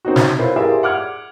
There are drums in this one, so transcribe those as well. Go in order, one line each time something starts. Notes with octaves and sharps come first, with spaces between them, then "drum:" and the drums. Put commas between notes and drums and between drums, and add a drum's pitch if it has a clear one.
C4 D#4 F#4
drum: snare
E4 F4 B4 C5
F4 G4 G#4 A#4 D5 E5
F#5 D6 F6 G#6